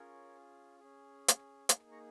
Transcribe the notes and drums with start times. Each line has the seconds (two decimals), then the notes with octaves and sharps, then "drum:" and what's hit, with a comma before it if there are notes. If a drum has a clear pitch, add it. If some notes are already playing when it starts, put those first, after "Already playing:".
Already playing: C#4 F4 G#4 A#4 C#5
0.79 C#4 G#4
1.28 drum: hi-hat
1.69 A#3 D#4 G#4 G#5 C6, drum: hi-hat
1.92 A#5 C#6